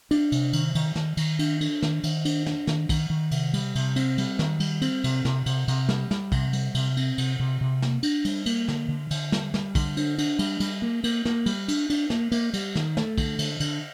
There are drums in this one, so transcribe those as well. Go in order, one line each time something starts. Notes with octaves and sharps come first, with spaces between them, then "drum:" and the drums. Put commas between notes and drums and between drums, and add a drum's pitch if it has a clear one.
D4, drum: cymbal
C3, drum: cymbal
D#3, drum: cymbal
D#3, drum: cymbal
D#3, drum: snare
D#3, drum: cymbal
D4, drum: cymbal
D4, drum: cymbal
D#3, drum: snare
D#3, drum: cymbal
D4, drum: cymbal
D4, drum: snare
D#3, drum: snare
D#3, drum: kick, cymbal
D#3
C3, drum: cymbal
G3, drum: cymbal
C3, drum: cymbal
C4, drum: cymbal
G3, drum: cymbal
D#3, drum: snare
G3, drum: cymbal
C4, drum: cymbal
C3, drum: cymbal
C3, drum: snare
C3, drum: cymbal
C3, drum: cymbal
G3, drum: snare
G3, drum: snare
C3, drum: kick, cymbal
G3, drum: cymbal
C3, drum: cymbal
C4, drum: cymbal
C3, drum: cymbal
C3
C3
A#3, drum: snare
D4, drum: cymbal
G3, drum: cymbal
A#3, drum: cymbal
D3, drum: snare
D3
D3, drum: cymbal
G3, drum: snare
G3, drum: snare
D3, drum: kick, cymbal
D4, drum: cymbal
D4, drum: cymbal
G3, drum: cymbal
G3, drum: cymbal
A#3
A#3, drum: cymbal
A#3, drum: snare
G3, drum: cymbal
D4, drum: cymbal
D4, drum: cymbal
A#3, drum: snare
A#3, drum: cymbal
G3, drum: cymbal
D#3, drum: snare
A3, drum: snare
D3, drum: kick, cymbal
D3, drum: cymbal
D3, drum: cymbal